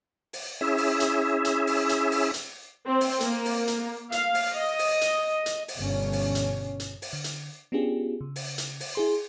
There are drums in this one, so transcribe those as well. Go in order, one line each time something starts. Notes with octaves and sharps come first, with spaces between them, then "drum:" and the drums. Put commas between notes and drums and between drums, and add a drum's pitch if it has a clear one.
drum: open hi-hat
C#4 E4 G#4 E5
drum: open hi-hat
drum: hi-hat
drum: hi-hat
drum: open hi-hat
drum: hi-hat
drum: open hi-hat
drum: hi-hat
C4
drum: open hi-hat
A#3, drum: hi-hat
drum: open hi-hat
drum: hi-hat
F5, drum: hi-hat
drum: open hi-hat
D#5
drum: open hi-hat
drum: hi-hat
drum: hi-hat
drum: open hi-hat
G1 B2 C#4
drum: open hi-hat
drum: hi-hat
drum: hi-hat
drum: open hi-hat
D3
drum: hi-hat
B3 C#4 D4 F4 G4 G#4
C#3
drum: open hi-hat
drum: hi-hat
drum: open hi-hat
E4 G#4 C6